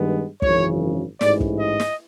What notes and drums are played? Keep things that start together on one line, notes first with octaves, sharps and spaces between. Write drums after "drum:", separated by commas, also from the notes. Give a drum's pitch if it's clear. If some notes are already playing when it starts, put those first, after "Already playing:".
Already playing: G2 D#3 G#3 B3
G#1 F#2 C#3 E3 C#5, drum: kick
A1 G#2 E3 D5, drum: snare
drum: kick
D#5
drum: snare